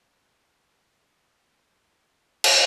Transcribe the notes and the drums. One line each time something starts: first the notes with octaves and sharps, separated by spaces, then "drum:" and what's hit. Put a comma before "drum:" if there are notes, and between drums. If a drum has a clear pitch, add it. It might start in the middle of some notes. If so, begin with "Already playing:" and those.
G#3 A#3
drum: cymbal